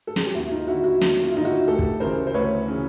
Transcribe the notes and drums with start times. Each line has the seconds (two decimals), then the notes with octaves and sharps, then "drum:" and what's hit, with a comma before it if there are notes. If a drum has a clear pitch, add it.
0.07 A4
0.16 G#4, drum: snare
0.26 G4
0.34 D#2 E4 F#4
0.51 D#4 F4
0.67 D3 E4 F#4
0.84 E4 F#4
1.01 D#2, drum: snare
1.23 F4
1.30 E4
1.34 D3 D#4 F4
1.45 E4 F#4
1.68 D2 G4 A4
1.79 drum: kick
2.00 C#3 E3 A#4 C5
2.27 C5
2.34 D2 B4 C#5
2.68 C#3 E3